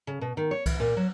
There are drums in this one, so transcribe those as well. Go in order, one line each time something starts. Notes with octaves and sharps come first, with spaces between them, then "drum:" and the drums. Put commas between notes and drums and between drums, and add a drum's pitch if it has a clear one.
C#3
B2
D#3
C#5
E3, drum: kick C2, cymbal
A#2
F#3